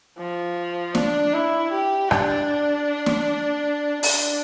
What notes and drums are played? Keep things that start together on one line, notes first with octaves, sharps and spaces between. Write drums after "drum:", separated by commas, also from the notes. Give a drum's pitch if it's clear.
F3
D4, drum: snare
E4
G4
D4, drum: rim click
drum: snare
D4, drum: open hi-hat